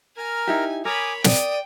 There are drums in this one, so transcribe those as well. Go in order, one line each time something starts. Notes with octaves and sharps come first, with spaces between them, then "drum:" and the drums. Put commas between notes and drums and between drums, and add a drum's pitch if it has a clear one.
A#4 G#5 A#5 F6
D#4 E4 G4
A#4 C#5 G#5 B5 D6 D#6
D5 G5 D#6 D#7, drum: snare